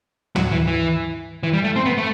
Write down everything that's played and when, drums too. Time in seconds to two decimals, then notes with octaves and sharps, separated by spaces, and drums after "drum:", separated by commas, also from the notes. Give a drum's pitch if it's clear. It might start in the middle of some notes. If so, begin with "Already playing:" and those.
0.36 F#3, drum: tom
0.51 E3
0.67 E3
1.43 E3
1.53 G3
1.64 A3
1.76 C4
1.85 B3
1.97 A3